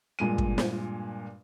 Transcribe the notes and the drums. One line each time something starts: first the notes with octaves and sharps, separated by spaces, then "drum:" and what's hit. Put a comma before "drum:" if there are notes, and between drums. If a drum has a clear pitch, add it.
G2 A#2 G#3 D#7
drum: kick
drum: snare